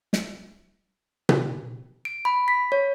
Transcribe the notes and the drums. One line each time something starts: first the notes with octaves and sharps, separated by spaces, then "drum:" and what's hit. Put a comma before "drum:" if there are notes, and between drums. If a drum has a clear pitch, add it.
drum: snare
drum: tom B2
D7
B5
B6
C#5